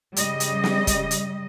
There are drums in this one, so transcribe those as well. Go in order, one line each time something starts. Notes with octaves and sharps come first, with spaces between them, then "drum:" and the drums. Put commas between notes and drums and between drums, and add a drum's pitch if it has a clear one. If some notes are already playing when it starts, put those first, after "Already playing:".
C#3 G3 D#5, drum: hi-hat
drum: hi-hat
drum: snare
drum: kick, hi-hat
drum: hi-hat